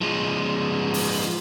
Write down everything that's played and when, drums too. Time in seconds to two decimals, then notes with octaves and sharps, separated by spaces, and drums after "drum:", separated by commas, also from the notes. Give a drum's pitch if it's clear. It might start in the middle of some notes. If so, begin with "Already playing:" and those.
0.01 F3 G#3
0.94 drum: open hi-hat